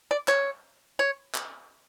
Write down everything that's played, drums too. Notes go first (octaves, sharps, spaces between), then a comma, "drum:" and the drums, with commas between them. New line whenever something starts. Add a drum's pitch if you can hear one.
D5
C#5, drum: clap
C#5
drum: clap